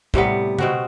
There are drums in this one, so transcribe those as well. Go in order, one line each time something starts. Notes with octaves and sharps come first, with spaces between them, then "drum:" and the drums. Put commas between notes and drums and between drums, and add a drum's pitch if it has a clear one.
A2 C3 G3 B3, drum: kick
B2 C4 F#4, drum: tom C#3